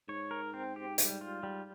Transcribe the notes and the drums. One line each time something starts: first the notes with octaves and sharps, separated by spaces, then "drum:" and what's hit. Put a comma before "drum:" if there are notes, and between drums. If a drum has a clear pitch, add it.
G#2 C#5
A#4
C4
G4
G3, drum: hi-hat
F4
G3